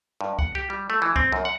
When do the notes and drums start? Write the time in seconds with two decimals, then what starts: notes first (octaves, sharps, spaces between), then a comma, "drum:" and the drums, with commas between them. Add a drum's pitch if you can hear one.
0.21 G2
0.39 F#5, drum: kick C2
0.55 G4
0.70 G3
0.90 A3
1.02 E3
1.16 C4, drum: kick C2
1.32 F#2
1.45 F#5